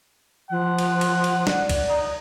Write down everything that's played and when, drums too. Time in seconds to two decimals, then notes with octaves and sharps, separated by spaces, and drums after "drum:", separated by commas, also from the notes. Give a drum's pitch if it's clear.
0.50 F3 F#5
0.79 drum: cymbal
1.01 drum: cymbal
1.24 drum: cymbal
1.47 D5, drum: snare
1.69 drum: kick, cymbal
1.89 D#4